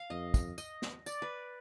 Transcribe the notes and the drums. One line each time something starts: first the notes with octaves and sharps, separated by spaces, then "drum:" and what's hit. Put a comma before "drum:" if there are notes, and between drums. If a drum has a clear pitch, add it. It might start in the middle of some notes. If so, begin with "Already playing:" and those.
Already playing: F5
F2 D#5
drum: kick, tambourine
D#5, drum: tambourine
drum: snare
D5, drum: tambourine
B4